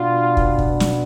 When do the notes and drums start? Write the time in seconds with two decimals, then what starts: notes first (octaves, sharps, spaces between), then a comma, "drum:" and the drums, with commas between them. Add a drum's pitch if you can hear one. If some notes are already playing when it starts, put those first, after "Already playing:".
Already playing: B2 B3 D4 F4
0.37 drum: kick
0.59 drum: kick
0.80 drum: snare